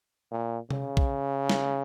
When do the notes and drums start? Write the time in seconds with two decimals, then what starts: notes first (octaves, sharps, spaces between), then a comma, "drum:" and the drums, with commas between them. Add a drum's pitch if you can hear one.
0.31 A#2
0.71 C#3, drum: tom C3
0.97 drum: kick
1.50 drum: snare